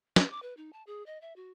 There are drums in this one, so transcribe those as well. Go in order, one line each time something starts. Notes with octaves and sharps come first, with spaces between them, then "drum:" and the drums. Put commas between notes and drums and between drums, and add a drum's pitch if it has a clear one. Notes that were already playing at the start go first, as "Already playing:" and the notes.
B4, drum: snare
D6
B4
D#4
A5
G#4
D#5
E5
F#4